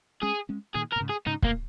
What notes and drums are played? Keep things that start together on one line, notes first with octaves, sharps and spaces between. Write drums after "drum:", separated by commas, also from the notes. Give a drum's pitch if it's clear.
G#3 C#4 G#4
G#3 C#4
A#2 D#3 G#4
A#4
A#2
G#2 C#3
G#4
G#2 C#3 D#4
A#2 A#3, drum: kick